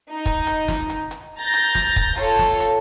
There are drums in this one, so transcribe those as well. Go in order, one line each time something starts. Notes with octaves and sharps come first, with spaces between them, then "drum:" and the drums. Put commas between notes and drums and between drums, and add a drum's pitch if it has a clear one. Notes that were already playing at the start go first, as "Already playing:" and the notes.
D#4
drum: kick, hi-hat
drum: hi-hat
drum: snare
drum: hi-hat
drum: hi-hat
A#5 G6 A6 A#6
drum: hi-hat
drum: snare
drum: kick, hi-hat
F4 A4 C#5, drum: hi-hat
drum: snare
drum: hi-hat